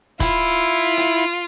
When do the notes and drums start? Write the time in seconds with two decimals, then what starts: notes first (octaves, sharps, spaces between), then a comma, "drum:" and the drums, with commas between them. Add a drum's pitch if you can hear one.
0.20 E4 F4, drum: kick, hi-hat
0.97 drum: hi-hat